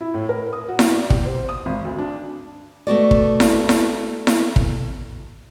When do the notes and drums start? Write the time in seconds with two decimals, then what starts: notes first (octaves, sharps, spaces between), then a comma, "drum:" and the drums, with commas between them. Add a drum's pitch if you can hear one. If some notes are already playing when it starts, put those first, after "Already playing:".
0.01 E4
0.14 A2
0.29 A#4
0.53 D#6
0.68 F#4
0.79 drum: snare E4
0.95 D5
1.10 G4, drum: kick
1.25 C5
1.49 D#6
1.66 G#1
1.85 D2
1.99 D4
2.87 A3 B3 F#4 D5
3.11 drum: kick
3.40 drum: snare E4
3.69 drum: snare E4
4.27 drum: snare E4
4.56 drum: kick